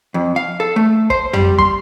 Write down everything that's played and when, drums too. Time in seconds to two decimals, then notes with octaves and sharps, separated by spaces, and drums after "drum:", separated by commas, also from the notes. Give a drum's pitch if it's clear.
0.14 F2
0.36 F5
0.60 A4
0.76 A3
1.10 C5, drum: kick
1.33 G3, drum: tom
1.58 C6, drum: kick